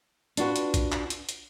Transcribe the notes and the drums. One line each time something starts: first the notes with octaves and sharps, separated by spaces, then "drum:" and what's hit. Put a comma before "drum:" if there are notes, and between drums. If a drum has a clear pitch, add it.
D4 F4 F#4 B4, drum: hi-hat
drum: hi-hat
drum: kick A#1, hi-hat
drum: clap
drum: hi-hat
drum: hi-hat